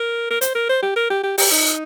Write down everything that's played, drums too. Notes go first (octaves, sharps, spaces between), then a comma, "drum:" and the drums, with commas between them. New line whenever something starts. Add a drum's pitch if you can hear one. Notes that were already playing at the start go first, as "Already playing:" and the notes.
Already playing: A#4
A#4
C5, drum: hi-hat
A#4
C5
G4
A#4
G4
G4
G4, drum: open hi-hat
D#4